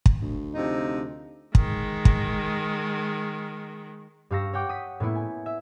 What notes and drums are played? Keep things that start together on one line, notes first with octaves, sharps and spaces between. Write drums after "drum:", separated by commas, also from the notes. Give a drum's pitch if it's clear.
drum: kick
D2
C3 F3 D#4
D#3 G#3, drum: kick
drum: kick
G2 G4 F5 C#6 E6 A#6
C#5 F#5 G5 D6
D#6 B6
A2 A#3 B3 E4
G#5
E5